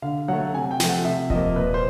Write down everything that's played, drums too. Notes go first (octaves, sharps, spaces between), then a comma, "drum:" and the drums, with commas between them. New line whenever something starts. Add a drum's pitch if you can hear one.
D3 F5
F#3 A3 F#5
C3 G#5
G5
F3 A3, drum: snare
F#5
C3 E5
F3 D#5, drum: kick D#1
A#3
A#2 B4
C5